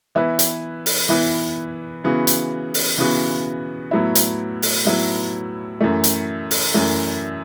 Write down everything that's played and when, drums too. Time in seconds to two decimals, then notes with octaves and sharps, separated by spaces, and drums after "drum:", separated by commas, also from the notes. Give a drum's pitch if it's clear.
0.15 E3 B3 E4 B4
0.39 drum: hi-hat
0.86 drum: open hi-hat
1.09 E3 B3 E4 B4
2.04 C#3 E3 B3 F#4
2.27 drum: hi-hat
2.74 drum: open hi-hat
2.98 C#3 E3 B3 F#4
3.91 A2 F#3 B3 E4
4.15 drum: hi-hat
4.62 drum: open hi-hat
4.85 A2 F#3 B3 E4
5.80 F#2 E3 A3
6.04 drum: hi-hat
6.51 drum: open hi-hat
6.74 F#2 E3 A3